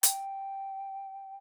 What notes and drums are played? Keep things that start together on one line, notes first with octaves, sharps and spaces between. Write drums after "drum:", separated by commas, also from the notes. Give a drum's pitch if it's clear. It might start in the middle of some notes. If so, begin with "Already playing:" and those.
G5, drum: hi-hat